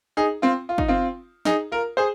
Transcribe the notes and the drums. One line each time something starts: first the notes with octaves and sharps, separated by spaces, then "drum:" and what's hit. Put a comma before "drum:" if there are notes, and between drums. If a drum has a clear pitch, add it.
D#4 G#4
C4 F4
F4
D#4, drum: kick
C4 F4
D#4 G#4, drum: snare
F4 A#4
G#4 C5